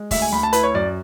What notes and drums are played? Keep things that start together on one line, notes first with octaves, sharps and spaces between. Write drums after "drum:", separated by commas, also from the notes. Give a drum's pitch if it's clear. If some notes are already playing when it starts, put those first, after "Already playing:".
Already playing: G#3
D2 E5, drum: kick, open hi-hat
G#5
D2 B5
A5
E4 B4, drum: hi-hat
C#5
F#2 D5